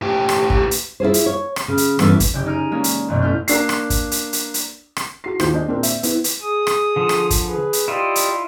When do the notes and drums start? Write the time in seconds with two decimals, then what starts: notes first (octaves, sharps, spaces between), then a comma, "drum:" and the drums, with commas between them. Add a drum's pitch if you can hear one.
0.02 A2 G4
0.29 drum: rim click
0.50 drum: kick
0.71 drum: hi-hat
1.00 E4 F4 G#4 C5
1.14 drum: hi-hat
1.26 C#5
1.56 drum: rim click
1.68 C#3
1.78 drum: hi-hat
1.99 G2 E3 A3 B3 C#4 D4, drum: rim click
2.20 drum: kick, hi-hat
2.34 F#1 C#3 G4 G5
2.46 D#4 G#4 F6 D7 D#7
2.72 G#3 A#3 C#4 D4
2.84 drum: hi-hat
3.08 A1 F#2 B2
3.22 A3 E4 F6 G6
3.48 A#3 D4 C7, drum: hi-hat
3.69 drum: rim click
3.90 drum: kick, hi-hat
4.11 drum: hi-hat
4.33 drum: hi-hat
4.54 drum: hi-hat
4.97 drum: rim click
5.24 F#4 C7
5.40 D#2 D#3 F4 C5 G6, drum: rim click
5.54 D4 D#5
5.68 A#2 C4 D4 A#4
5.83 E5, drum: hi-hat
6.03 B3 E4, drum: hi-hat
6.24 drum: hi-hat
6.42 G#4 D#6
6.67 drum: rim click
6.96 D3 F3
7.09 drum: rim click
7.30 drum: kick, hi-hat
7.47 G#4 B4
7.73 drum: hi-hat
7.88 E4 F4 G4 D5 D#5
8.15 drum: hi-hat